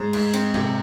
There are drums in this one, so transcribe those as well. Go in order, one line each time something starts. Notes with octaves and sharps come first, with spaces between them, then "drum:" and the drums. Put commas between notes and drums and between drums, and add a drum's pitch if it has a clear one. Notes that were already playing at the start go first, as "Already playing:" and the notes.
Already playing: G#2 G#3 G#4 C5
G#2, drum: cymbal
C4, drum: cymbal
C3, drum: tom G#2